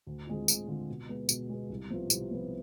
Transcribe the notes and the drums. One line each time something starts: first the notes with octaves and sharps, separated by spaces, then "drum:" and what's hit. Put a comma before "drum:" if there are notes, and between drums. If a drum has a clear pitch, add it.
D2
D3 G#3 C4 F4
D2, drum: tambourine
D3 G#3 C4 F4
B2
G#3 B3
B2, drum: tambourine
G#3 B3
C2
C3 F3 B3 F4
C2, drum: tambourine
C3 F3 B3 F4